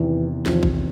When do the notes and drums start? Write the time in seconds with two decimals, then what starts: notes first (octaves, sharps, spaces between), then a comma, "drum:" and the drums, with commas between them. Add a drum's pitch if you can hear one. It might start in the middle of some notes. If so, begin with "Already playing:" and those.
Already playing: E2 C3 D#3 E3
0.46 E2 C3 D#3 F3, drum: snare
0.63 drum: kick